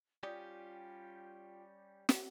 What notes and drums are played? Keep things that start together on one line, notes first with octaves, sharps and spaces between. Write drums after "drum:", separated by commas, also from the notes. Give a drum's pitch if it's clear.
G3 C#4 F4 G4 D5 G5 D#6
drum: snare